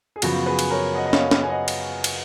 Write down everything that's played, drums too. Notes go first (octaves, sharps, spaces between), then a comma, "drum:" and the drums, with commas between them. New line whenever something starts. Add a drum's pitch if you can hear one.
G#4
F#2 C#3 F3 B3 F#4, drum: cymbal
G#4 B4
drum: cymbal
A#4 C#5
D#5 F#5
D#5
C#5 F5, drum: snare
drum: snare
G#5
D#5 F#5
drum: cymbal
drum: cymbal